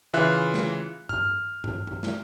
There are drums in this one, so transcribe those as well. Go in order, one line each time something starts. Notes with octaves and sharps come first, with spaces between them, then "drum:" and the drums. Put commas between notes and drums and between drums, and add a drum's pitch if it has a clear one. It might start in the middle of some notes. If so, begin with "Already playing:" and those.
C#3 E3 F4 E5 F#6
drum: snare
F6, drum: tom G2
drum: tom G2
drum: tom G2
drum: snare